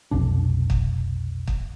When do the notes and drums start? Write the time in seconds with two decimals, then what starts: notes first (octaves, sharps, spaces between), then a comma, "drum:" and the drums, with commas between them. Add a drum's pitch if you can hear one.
0.11 F1 B1 D4
0.70 drum: kick
1.47 drum: kick